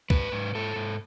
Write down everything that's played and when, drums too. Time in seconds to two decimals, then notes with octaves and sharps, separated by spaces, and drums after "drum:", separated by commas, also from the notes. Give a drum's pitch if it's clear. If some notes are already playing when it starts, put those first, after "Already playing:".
0.10 G#2 B4, drum: kick C2
0.32 G#2
0.55 G#2 A4
0.76 G#2